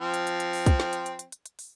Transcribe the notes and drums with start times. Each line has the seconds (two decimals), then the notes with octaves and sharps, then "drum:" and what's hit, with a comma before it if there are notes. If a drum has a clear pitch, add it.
0.01 F3 C4
0.14 drum: hi-hat
0.27 drum: hi-hat
0.40 drum: hi-hat
0.53 drum: open hi-hat
0.66 drum: kick, hi-hat
0.80 drum: snare
0.93 drum: hi-hat
1.06 drum: hi-hat
1.19 drum: hi-hat
1.32 drum: hi-hat
1.46 drum: hi-hat
1.59 drum: open hi-hat